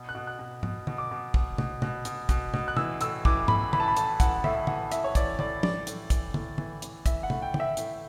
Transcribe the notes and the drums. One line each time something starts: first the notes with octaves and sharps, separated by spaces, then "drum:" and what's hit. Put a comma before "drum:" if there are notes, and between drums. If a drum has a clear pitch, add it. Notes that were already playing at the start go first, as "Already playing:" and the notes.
Already playing: B2
F#6
B2
F#6
B2
B2, drum: tom
B2, drum: tom
D6
B2
B2, drum: kick
B2, drum: tom
B2, drum: tom
B2, drum: hi-hat
B2, drum: kick, hi-hat
B2, drum: tom
F#6
E3 E6, drum: tom
A2 E6, drum: hi-hat
E3 D6, drum: kick
A2 B5, drum: tom
E3 B5, drum: tom
A5
B5
A2 A5, drum: hi-hat
E3 F#5, drum: kick, hi-hat
A2 E5, drum: tom
E3 F#5, drum: tom
A2 E5, drum: hi-hat
C#5
E3 D5, drum: kick, hi-hat
A2 D5, drum: tom
E3 D5, drum: tom
A2, drum: hi-hat
E3, drum: kick, hi-hat
A2, drum: tom
E3, drum: tom
A2, drum: hi-hat
E3 E5, drum: kick, hi-hat
F#5
A2, drum: tom
G5
E3, drum: tom
E5
A2, drum: hi-hat